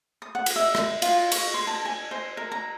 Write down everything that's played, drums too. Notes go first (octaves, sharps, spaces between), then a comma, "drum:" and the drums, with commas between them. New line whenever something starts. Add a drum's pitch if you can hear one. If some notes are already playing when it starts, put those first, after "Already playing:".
D#6
F#5
drum: cymbal
E5
drum: rim click
F4, drum: cymbal
C#6, drum: cymbal
C6
A5
G#5
C5
A#4
A#5